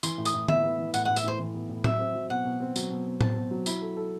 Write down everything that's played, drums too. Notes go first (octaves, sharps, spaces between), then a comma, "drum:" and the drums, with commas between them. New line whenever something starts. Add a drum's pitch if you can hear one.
E3 C6, drum: tambourine
A2
D#6, drum: tambourine
A2
B3 E5, drum: tom D3
B3
E3
A2 F#5, drum: tambourine
A2 F#5
E5, drum: tambourine
A2 C5
E3
B3
A2
F#3 E5, drum: tom A2
C4
F#3
B2 F#5
B2
C4
F#3, drum: tambourine
B2
B2
C4 A5, drum: tom A2
B2
F#3
E4 B5, drum: tambourine
A4
A4